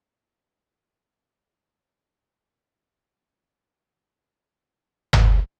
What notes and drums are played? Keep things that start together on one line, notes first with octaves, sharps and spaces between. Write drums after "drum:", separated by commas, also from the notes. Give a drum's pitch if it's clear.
C3
C#4 D4
F#4 F5
F2 A2 A#3 C#4 G#4
drum: tom G1